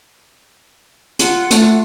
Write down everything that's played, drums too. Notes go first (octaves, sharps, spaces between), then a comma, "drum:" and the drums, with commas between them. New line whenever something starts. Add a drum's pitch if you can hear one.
F4 F#5, drum: hi-hat
A3, drum: hi-hat